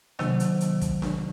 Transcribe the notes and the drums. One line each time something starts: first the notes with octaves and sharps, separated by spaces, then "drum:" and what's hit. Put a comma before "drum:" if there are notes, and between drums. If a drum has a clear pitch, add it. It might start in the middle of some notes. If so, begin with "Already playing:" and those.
C3 D#3 F#3 A#3, drum: snare D4
drum: hi-hat
drum: hi-hat
drum: kick, hi-hat
drum: snare D4